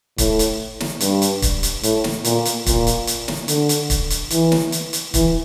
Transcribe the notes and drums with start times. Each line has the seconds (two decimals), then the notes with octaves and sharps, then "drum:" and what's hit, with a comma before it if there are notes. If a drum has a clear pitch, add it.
0.18 A2, drum: kick, hi-hat
0.39 drum: hi-hat
0.80 drum: snare
1.00 G2, drum: hi-hat
1.22 drum: hi-hat
1.42 drum: kick, hi-hat
1.63 drum: hi-hat
1.83 A2, drum: hi-hat
2.04 drum: snare
2.24 A#2, drum: hi-hat
2.45 drum: hi-hat
2.66 A#2, drum: kick, hi-hat
2.87 drum: hi-hat
3.07 drum: hi-hat
3.28 drum: snare
3.48 D3, drum: hi-hat
3.69 drum: hi-hat
3.90 drum: kick, hi-hat
4.10 drum: hi-hat
4.30 E3, drum: hi-hat
4.52 drum: snare
4.72 drum: hi-hat
4.93 drum: hi-hat
5.14 E3, drum: kick, hi-hat